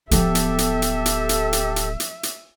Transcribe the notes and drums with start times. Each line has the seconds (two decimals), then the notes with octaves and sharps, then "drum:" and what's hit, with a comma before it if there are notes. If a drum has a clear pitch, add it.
0.11 D1 F3 B3 G4 A4 E5, drum: hi-hat
0.35 drum: hi-hat
0.58 drum: hi-hat
0.82 drum: hi-hat
1.06 drum: hi-hat
1.29 drum: hi-hat
1.53 drum: hi-hat
1.76 drum: hi-hat
2.00 drum: hi-hat
2.23 drum: hi-hat